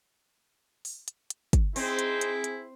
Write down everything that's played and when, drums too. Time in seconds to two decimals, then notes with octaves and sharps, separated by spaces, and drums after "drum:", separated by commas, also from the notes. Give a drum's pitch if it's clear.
0.85 drum: open hi-hat
1.08 drum: hi-hat
1.30 drum: hi-hat
1.53 drum: kick, hi-hat
1.76 C4 D#4 E4 G#4 C5, drum: open hi-hat
1.99 drum: hi-hat
2.21 drum: hi-hat
2.44 drum: hi-hat